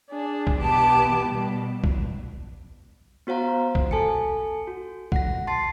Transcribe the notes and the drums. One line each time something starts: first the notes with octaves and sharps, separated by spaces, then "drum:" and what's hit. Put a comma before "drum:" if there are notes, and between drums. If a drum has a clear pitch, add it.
D4 G#4
drum: kick A#1
B2 E3 B3 G4 A5
B2 G3
drum: kick A#1
B3 F#4 C5 F5 A#5
drum: kick A#1
A4 G#5 A5 C#7
F#4
F#5 A#6, drum: kick A#1
A5 C6 A6 C7